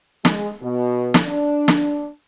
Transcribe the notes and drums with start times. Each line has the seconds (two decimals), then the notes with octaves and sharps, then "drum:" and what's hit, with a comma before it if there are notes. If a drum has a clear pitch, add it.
0.25 G#3, drum: snare
0.62 B2
1.14 drum: snare
1.24 D4
1.68 drum: snare